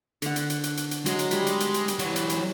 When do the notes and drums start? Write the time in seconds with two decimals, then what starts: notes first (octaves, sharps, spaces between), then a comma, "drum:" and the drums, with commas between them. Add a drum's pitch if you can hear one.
0.22 D3 F#5, drum: hi-hat
0.36 drum: hi-hat
0.50 drum: hi-hat
0.64 drum: hi-hat
0.77 drum: hi-hat
0.91 drum: hi-hat
1.06 F#3 G#3, drum: hi-hat
1.19 drum: hi-hat
1.31 G3 B5, drum: hi-hat
1.46 drum: hi-hat
1.60 drum: hi-hat
1.74 drum: hi-hat
1.88 drum: hi-hat
1.99 E3 F#3, drum: hi-hat
2.16 drum: hi-hat
2.29 drum: hi-hat